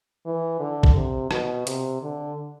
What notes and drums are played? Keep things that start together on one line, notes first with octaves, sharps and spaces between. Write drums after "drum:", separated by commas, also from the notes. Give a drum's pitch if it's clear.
E3
D3
drum: kick
C3
B2, drum: rim click
C3, drum: hi-hat
D3